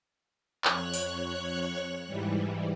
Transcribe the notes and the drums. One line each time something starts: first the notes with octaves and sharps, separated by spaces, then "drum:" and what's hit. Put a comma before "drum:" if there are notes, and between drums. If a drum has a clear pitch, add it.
F2 C#5 C#6 F#6, drum: clap
drum: open hi-hat
G#2 E3 G3